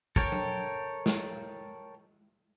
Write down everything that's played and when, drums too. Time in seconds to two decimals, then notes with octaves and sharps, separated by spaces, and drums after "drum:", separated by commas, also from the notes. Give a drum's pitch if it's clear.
0.16 A4 A#4 C#5 G5, drum: kick
0.32 drum: tom F#3
1.06 drum: snare